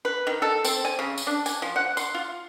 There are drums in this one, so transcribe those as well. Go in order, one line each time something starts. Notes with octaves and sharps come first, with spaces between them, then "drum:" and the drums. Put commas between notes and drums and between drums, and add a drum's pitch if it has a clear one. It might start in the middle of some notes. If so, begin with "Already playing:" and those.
B4
D#3
A4
C4, drum: tambourine
G#5
C#3
drum: tambourine
D4
G#5, drum: tambourine
F3
F#5
C6, drum: tambourine
F4